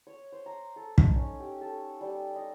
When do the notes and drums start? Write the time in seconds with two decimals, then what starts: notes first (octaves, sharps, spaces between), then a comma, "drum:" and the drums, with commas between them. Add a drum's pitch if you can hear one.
0.07 C#5
0.32 C5
0.46 A#5
0.76 A4
0.98 D#4, drum: kick
1.16 C#4
1.40 G4
1.61 A4
2.01 G3
2.36 D#5